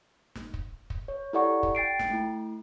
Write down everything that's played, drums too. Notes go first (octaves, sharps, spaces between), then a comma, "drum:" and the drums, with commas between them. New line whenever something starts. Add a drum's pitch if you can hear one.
drum: snare
drum: kick
drum: kick
C#5
E4 G4 A4 D5 F#5 C#6
drum: kick
G5 A6 C7 D7
drum: snare
A3 E4